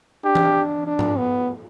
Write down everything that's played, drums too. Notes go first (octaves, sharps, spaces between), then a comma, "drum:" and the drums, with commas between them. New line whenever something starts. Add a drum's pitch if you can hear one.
D4 G4
drum: tom E3
D4
drum: tom
B3